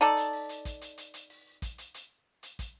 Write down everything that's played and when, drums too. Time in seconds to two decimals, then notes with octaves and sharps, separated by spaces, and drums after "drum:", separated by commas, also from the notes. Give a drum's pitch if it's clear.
0.01 D#4 A4 D5
0.17 drum: hi-hat
0.33 drum: open hi-hat
0.49 drum: hi-hat
0.65 drum: kick, hi-hat
0.81 drum: hi-hat
0.98 drum: hi-hat
1.14 drum: hi-hat
1.30 drum: open hi-hat
1.62 drum: kick, hi-hat
1.78 drum: hi-hat
1.94 drum: hi-hat
2.43 drum: hi-hat
2.59 drum: kick, hi-hat